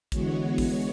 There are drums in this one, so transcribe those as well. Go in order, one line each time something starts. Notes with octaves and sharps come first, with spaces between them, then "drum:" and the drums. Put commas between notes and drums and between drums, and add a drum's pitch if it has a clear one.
D3 E3 G#3 B3 F#4 C#5, drum: kick, hi-hat
drum: kick, open hi-hat